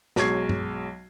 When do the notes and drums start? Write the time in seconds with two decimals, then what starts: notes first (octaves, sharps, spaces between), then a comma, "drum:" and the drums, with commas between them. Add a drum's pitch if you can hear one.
0.16 B1 F#3 G#3 C#6 G#6 C7, drum: snare
0.49 drum: tom G2